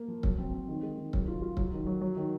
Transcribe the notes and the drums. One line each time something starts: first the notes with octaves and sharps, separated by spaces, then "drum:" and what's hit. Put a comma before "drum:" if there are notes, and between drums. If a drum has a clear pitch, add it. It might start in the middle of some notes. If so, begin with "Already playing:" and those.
Already playing: A#3
F3
F#3, drum: kick C#1
C4
C4
D#3
G#3
D#3
F#3, drum: kick C#1
F4
F4
F#3, drum: kick C#1
D#3
F#3
F#3
D#3